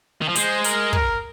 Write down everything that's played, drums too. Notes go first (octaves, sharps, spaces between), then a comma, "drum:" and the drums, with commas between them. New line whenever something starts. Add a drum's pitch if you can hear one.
D#3
F3
G#3 C5, drum: hi-hat
A#4, drum: hi-hat
A#4, drum: kick